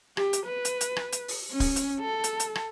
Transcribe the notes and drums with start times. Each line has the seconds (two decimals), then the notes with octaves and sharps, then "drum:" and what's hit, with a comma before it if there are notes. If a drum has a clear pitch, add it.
0.17 G4, drum: rim click
0.33 drum: hi-hat
0.46 B4
0.65 drum: hi-hat
0.81 drum: hi-hat
0.96 drum: rim click
1.12 drum: hi-hat
1.28 drum: open hi-hat
1.51 C#4
1.60 drum: kick D1, open hi-hat
1.76 drum: hi-hat
2.00 A4
2.24 drum: hi-hat
2.40 drum: hi-hat
2.55 drum: rim click